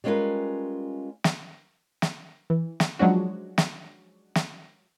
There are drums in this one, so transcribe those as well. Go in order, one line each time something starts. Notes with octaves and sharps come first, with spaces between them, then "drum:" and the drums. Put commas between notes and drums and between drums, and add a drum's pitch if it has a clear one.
G3 G#3 C#4 F4 A#4 B4
drum: snare
drum: snare
E3
drum: snare
F3 F#3 G#3 C#4 D4 F#4
drum: snare
drum: snare